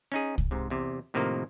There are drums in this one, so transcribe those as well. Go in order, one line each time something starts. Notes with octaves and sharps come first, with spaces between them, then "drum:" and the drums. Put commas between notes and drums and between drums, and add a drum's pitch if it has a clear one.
C#4 D#4 G#4
drum: kick C2
G#2 C3
E2 C3
A2 C3 D#3 F3 A#3